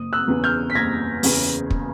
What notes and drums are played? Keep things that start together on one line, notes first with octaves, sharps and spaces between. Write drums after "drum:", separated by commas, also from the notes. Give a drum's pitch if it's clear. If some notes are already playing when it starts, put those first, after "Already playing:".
Already playing: F#1 D#6
E6 F#6
E2 C#3
F6 G6
B6
F#1 G#6 A#6
E2 C#3, drum: open hi-hat
drum: kick